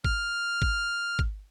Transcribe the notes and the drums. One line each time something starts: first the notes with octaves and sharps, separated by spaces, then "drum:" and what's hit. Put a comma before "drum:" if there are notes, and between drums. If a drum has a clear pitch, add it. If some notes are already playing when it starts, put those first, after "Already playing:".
F6, drum: kick
drum: kick
drum: kick